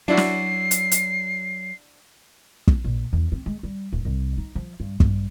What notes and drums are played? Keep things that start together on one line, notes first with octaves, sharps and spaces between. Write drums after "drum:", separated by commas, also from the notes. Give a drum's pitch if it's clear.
F#3 D4 E4 F#4 C7
drum: snare
drum: hi-hat
drum: hi-hat
drum: kick
A#1
E2
C4
G#3
G3
D1
C2
D#4
F3
G2
G2, drum: kick